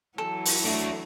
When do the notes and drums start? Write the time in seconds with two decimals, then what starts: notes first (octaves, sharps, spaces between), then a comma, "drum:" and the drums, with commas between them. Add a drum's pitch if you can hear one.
0.18 E3 F#3 A4
0.45 drum: open hi-hat
0.65 A3 D4 F#4